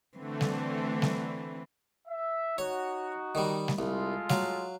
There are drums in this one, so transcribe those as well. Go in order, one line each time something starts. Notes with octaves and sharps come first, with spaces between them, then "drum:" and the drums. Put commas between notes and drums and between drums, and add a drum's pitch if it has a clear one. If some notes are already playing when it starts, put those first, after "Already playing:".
D3 E3 A3 C4
drum: snare G3
drum: snare G3
E5
D#4 F#4 C#5
D#3 G3
drum: snare G3
C2 G#3 F4 A4
F#3 F5, drum: snare G3